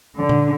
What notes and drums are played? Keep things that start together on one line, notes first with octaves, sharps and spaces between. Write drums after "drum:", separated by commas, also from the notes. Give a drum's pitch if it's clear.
D3
drum: tom A#2